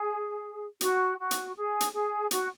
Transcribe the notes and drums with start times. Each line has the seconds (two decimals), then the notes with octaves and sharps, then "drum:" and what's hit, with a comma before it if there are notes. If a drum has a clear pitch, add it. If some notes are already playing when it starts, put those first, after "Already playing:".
Already playing: G#4
0.81 F#4, drum: hi-hat
1.19 F#4
1.31 drum: hi-hat
1.55 G#4
1.80 drum: hi-hat
1.93 G#4
2.31 F#4, drum: hi-hat